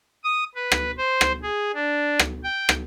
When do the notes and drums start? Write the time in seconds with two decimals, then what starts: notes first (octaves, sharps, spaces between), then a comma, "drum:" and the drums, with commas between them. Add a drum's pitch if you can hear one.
0.24 D#6
0.55 B4
0.72 drum: rim click
0.98 C5
1.21 drum: rim click
1.43 G#4
1.74 D4
2.19 drum: rim click
2.44 G5
2.69 drum: rim click